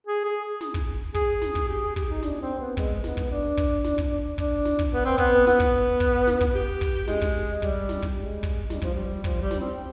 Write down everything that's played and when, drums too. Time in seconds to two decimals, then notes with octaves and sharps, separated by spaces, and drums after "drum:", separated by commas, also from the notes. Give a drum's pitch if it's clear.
0.07 G#4
0.25 G#4
0.61 drum: snare
0.74 drum: kick
1.14 G#4, drum: kick
1.42 drum: snare
1.55 drum: kick
1.68 G4
1.82 G#4
1.96 G4, drum: kick
2.10 D#4
2.23 D4, drum: snare
2.41 C4
2.59 B3
2.77 G#3, drum: kick
3.04 B3, drum: snare
3.17 drum: kick
3.31 D4
3.57 drum: kick
3.84 drum: snare
3.98 drum: kick
4.38 D4, drum: kick
4.65 drum: snare
4.79 drum: kick
4.92 B3
5.05 C4
5.18 B3, drum: kick
5.47 B3, drum: snare
5.60 drum: kick
6.00 drum: kick
6.27 drum: snare
6.41 drum: kick
6.54 G4
6.81 drum: kick
7.08 G#3, drum: snare
7.21 drum: kick
7.62 G3, drum: kick
7.89 drum: snare
8.02 drum: kick
8.16 G#3
8.43 drum: kick
8.70 G3, drum: snare
8.82 F3, drum: kick
8.94 G3
9.24 F3, drum: kick
9.41 G3
9.51 drum: snare
9.60 C4